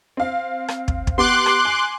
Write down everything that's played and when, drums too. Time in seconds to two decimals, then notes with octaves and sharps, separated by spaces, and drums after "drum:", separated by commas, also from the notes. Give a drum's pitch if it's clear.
0.17 C4 F5
0.68 drum: rim click
0.88 drum: kick
1.07 drum: kick
1.18 B3 G4 C6 D6 F#6
1.46 drum: rim click
1.65 G#5